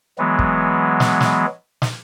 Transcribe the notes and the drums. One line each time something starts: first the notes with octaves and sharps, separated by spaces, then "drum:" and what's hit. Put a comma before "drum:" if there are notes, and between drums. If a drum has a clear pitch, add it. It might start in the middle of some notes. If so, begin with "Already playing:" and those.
E3 F#3 G#3 B3
drum: kick
drum: snare
drum: snare
drum: snare